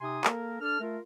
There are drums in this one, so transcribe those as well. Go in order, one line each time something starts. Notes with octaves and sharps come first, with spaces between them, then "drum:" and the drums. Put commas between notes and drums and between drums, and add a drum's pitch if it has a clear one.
C3 D#4 G#5 C6 D#6
A#3 A4 A#4, drum: clap
D4 A4 F6
A3 F4 A#4